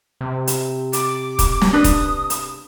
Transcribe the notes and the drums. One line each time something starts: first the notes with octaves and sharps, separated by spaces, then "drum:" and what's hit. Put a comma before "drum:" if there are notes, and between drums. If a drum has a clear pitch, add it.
C3
drum: hi-hat
D6, drum: hi-hat
drum: kick, hi-hat
drum: snare
D4 B4 D#6
drum: kick, hi-hat
drum: hi-hat